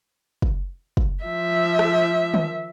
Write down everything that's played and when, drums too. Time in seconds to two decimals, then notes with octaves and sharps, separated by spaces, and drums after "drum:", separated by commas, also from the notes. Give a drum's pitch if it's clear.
0.42 drum: kick
0.97 drum: kick
1.24 F3 E5
1.79 drum: rim click
2.34 drum: tom D#3